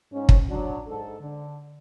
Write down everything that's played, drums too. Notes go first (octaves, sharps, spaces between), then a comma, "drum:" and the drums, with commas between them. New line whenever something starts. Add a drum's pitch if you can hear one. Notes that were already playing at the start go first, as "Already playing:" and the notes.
G#2 C#4
drum: kick
F#3 D4
G#2 A4
D3